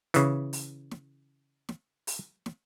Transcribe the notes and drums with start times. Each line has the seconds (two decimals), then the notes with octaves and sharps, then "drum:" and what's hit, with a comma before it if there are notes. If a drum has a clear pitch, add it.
0.14 C#3 E3, drum: hi-hat
0.53 drum: open hi-hat
0.91 drum: snare
1.69 drum: snare
2.07 drum: open hi-hat
2.46 drum: snare